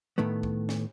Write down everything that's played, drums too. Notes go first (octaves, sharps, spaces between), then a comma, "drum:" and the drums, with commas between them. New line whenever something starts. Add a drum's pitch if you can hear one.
A2 D#3 A3 B3
drum: kick
drum: snare